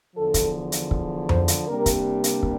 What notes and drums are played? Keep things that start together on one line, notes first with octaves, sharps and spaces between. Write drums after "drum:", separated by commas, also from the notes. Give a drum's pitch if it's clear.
E2 D3 F3 A4
drum: kick, hi-hat
drum: hi-hat
drum: kick
C5, drum: tom F2
drum: hi-hat
C3 G3 A#3 D4 A#4
drum: kick, hi-hat
drum: hi-hat
drum: kick